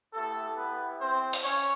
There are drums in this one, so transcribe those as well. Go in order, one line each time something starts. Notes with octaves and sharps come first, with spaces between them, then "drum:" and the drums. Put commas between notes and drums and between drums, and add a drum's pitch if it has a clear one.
A3 B3 E4 G4 A4
B3 B4
C4 C5
drum: open hi-hat
C#4 C#5